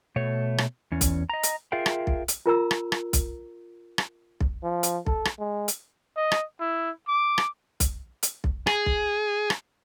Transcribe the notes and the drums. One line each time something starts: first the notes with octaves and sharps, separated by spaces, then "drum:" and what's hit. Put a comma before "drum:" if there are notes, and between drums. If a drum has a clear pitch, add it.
B2 A3 C#5
drum: rim click
E2 C#4
drum: kick B1, hi-hat
D#5 A#5
drum: hi-hat
F4 G#4 A#4 E5 F5 G5
drum: rim click
drum: kick B1
drum: hi-hat
F4 A#4 A#5 E6
drum: rim click
drum: rim click
drum: kick B1, hi-hat
drum: rim click
drum: kick B1
F3
drum: hi-hat
A4, drum: kick B1
drum: rim click
G#3
drum: hi-hat
D#5
drum: rim click
E4
D6
drum: rim click
drum: kick B1, hi-hat
drum: hi-hat
drum: kick B1
G#4, drum: rim click
drum: kick B1
drum: rim click